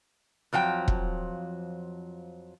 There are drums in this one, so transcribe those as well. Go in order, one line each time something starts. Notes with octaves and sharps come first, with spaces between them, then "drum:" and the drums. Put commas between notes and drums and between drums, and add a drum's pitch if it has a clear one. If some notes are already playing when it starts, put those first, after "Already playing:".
F2 F3 F#3 G5
drum: kick E1